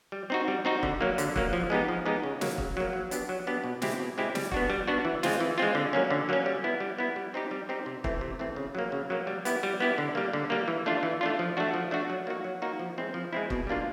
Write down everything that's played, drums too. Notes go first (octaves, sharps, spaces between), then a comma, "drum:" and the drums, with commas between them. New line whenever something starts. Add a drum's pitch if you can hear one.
G3
C4 D#4 F#4
G3
C4 D#4 F#4
D3, drum: kick
F#3 A#3
D3, drum: hi-hat
F#3 A#3, drum: kick
F3
G#3 B3 D#4 G4
F3
G#3 B3 D#4 G4
C#3
F#3 A#3, drum: snare
C#3, drum: kick
F#3 A#3
F#3
B3 D4 G4, drum: hi-hat
F#3
B3 D4 G4
B2
G#3 C4 E4 G4, drum: snare
B2
G#3 C4 E4 G4
G3, drum: snare
B3 D4 F#4, drum: kick
G3
B3 D4 F#4
E3
G#3 C4 F4, drum: snare
E3
G#3 C4 F4
D3
F#3 A#3 C#4
D3
F#3 A#3 C#4
G3
B3 E4
G3
B3 E4
G3
C4 D#4 G4
G3
C4 D#4 G4
C3
E3 A3 C4, drum: kick
C3
E3 A3 C4
C#3
F#3 A#3
C#3
F#3 A#3
G3
B3 E4 G4, drum: hi-hat
G3
B3 E4 G4
D3
G3 A#3
D3
G3 A#3
E3
A3 D4 F4
E3
A3 D4 F4
F3
A3 D4 F#4
F3
A3 D4 F#4
F#3
A#3 D#4 F#4
F#3
A#3 D#4 F#4
F3
G#3 C4 E4
F3
G#3 C4 E4
B2, drum: kick
G3 A#3 D4 F4